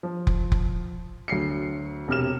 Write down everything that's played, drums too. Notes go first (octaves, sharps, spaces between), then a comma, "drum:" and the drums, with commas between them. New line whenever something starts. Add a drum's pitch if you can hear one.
F3
drum: kick F1
drum: kick F1
D2 F#3 C7 C#7
E1 C3 F6 E7